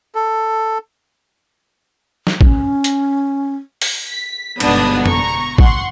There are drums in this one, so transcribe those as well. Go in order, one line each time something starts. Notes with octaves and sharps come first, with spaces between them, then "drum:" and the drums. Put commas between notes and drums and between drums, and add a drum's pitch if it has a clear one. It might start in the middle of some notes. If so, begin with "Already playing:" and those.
A4
drum: snare
C#4, drum: kick
drum: hi-hat
drum: open hi-hat
B6
G1 G#2 B2 B3 D4 D#6, drum: cymbal
A#5 C#6, drum: tom
F#5 C6 C#6, drum: kick